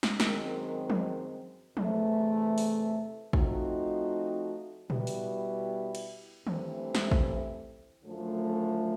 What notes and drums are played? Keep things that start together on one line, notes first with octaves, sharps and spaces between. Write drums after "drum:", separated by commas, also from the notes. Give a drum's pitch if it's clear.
drum: snare
F#2 D#3 G#3 C4, drum: snare
drum: tom F3
E2 C3 E3 A3, drum: tom F3
drum: open hi-hat
F3 A3 C4 D#4 F#4, drum: kick
B2 G3 B3 E4 G4, drum: tom A#2
drum: open hi-hat
drum: cymbal
G2 E3 A3 C4 E4, drum: tom D#3
drum: snare
drum: kick
F#2 D3 F3 A3